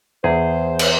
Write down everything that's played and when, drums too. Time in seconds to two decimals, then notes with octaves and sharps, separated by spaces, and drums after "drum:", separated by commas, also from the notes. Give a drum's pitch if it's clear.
0.24 E2 G#4 C5
0.79 drum: cymbal